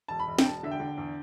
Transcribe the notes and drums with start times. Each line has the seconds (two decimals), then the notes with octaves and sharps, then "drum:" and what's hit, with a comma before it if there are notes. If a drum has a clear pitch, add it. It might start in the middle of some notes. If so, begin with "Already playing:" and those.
0.08 E1 A5
0.20 B5
0.28 E1
0.39 G5, drum: snare D4
0.46 E1 A5
0.63 D3 E5
0.71 G5
0.80 D3
0.98 E2